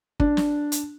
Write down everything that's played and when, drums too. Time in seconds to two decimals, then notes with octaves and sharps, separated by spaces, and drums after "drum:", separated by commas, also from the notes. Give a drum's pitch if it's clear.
0.20 D4, drum: kick
0.37 drum: snare
0.72 drum: hi-hat